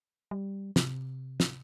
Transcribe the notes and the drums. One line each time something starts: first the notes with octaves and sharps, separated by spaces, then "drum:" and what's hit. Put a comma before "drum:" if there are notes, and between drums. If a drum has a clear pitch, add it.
G3
C3, drum: snare
drum: snare